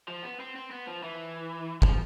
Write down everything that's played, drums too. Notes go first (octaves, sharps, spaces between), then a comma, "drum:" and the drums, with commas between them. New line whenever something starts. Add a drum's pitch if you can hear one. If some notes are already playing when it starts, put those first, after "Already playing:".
F3
B3
C4
C4
B3
F3
E3
F3, drum: kick G1